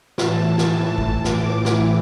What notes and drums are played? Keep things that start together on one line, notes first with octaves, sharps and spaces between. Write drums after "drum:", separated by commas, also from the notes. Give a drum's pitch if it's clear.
A2 E3 A5, drum: snare
drum: snare
drum: kick A1
A2 E3 D6, drum: snare
drum: snare